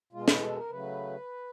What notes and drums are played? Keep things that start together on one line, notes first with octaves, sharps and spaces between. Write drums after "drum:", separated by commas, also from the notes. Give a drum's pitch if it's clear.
B2 G#3 F4
E4, drum: snare
A4
A#4
C#3 F#3 A3 B4